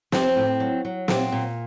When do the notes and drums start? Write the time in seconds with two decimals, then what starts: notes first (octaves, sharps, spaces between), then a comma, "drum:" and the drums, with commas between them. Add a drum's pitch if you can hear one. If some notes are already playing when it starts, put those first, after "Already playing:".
0.12 F3 C4, drum: snare
0.36 A2
0.60 F#3
0.85 F#3
1.08 A#2 C4, drum: snare
1.32 A#2